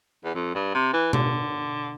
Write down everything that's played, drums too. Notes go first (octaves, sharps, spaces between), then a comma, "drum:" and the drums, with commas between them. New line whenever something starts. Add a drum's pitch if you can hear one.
E2
F2
G2
C3
E3
D3, drum: tom B2